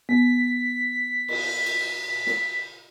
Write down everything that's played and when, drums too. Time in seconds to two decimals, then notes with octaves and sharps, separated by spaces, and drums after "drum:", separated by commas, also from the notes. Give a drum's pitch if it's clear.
0.09 B3 B6
1.28 drum: cymbal
1.66 drum: cymbal
2.27 drum: snare